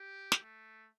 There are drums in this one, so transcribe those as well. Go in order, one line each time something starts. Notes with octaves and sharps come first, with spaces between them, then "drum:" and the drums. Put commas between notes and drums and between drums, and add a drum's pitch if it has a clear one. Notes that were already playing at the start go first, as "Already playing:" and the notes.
Already playing: G4
drum: snare
A3